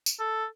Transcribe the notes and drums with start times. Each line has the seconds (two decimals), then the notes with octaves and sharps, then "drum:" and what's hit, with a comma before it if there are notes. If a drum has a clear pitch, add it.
0.06 drum: tambourine
0.20 A4